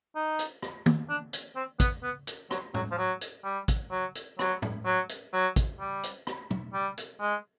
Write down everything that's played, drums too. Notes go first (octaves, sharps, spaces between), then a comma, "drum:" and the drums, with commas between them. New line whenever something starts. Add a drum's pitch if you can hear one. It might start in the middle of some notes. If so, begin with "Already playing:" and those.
D#4
drum: hi-hat
drum: rim click
drum: tom
D4
drum: hi-hat
C4
B3, drum: kick, hi-hat
B3
drum: hi-hat
F#3, drum: rim click
F#3, drum: tom A2
F3
F#3
drum: hi-hat
G3
drum: kick, hi-hat
F#3
drum: hi-hat
F#3, drum: rim click
drum: tom A2
F#3
drum: hi-hat
F#3
drum: kick, hi-hat
G3
drum: hi-hat
drum: rim click
drum: tom
G3
drum: hi-hat
G#3